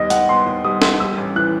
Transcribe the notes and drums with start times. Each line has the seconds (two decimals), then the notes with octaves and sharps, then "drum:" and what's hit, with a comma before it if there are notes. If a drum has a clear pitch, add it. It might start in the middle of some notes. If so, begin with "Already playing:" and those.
Already playing: D#2 G3 B3 D#5
0.10 D#3 F#5, drum: hi-hat
0.29 B3 C6
0.47 D#2
0.64 G3 D#6
0.82 D#3, drum: snare
1.00 G3 E6
1.18 A1
1.36 E3 F#6